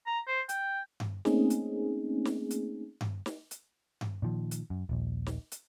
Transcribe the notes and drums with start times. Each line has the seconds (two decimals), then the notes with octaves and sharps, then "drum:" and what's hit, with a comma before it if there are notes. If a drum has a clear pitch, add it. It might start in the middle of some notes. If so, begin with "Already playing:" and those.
0.06 A#5
0.27 C5
0.49 G5, drum: hi-hat
1.00 drum: tom G2
1.25 A3 A#3 C4 C#4 D#4 G#4, drum: snare
1.50 drum: hi-hat
2.25 drum: snare
2.50 drum: hi-hat
3.01 drum: tom G2
3.26 drum: snare
3.51 drum: hi-hat
4.01 drum: tom G2
4.22 A#2 D#3 F3
4.51 drum: hi-hat
4.70 F#2
4.89 D#1 A#1
5.26 drum: snare
5.52 drum: hi-hat